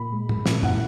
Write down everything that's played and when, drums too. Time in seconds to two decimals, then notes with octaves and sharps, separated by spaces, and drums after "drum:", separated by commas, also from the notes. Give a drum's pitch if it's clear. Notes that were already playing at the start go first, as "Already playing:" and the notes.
Already playing: A#2 B5
0.12 G#3
0.29 G#3, drum: tom
0.46 A#2, drum: snare
0.63 E3 F#5, drum: tom